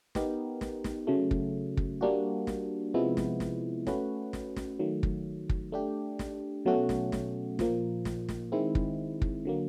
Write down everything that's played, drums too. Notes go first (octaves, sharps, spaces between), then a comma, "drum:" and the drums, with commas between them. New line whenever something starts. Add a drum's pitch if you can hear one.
B3 D#4 G4 A#4, drum: snare
drum: snare
drum: snare
C#3 F#3 A3
drum: kick
drum: kick
G3 A#3 D4 F#4
drum: snare
C3 F3 G#3 B3 E4
drum: snare
drum: snare
A3 C#4 F#4 B4, drum: snare
drum: snare
drum: snare
D#3 F#3 A3
drum: kick
drum: kick
A3 D4 G4
drum: snare
B2 F#3 A3 C#4 F#4
drum: snare
drum: snare
A#2 F3 A#3, drum: snare
drum: snare
drum: snare
D#3 G#3 C4 E4
drum: kick
drum: kick
D3 F#3 A#3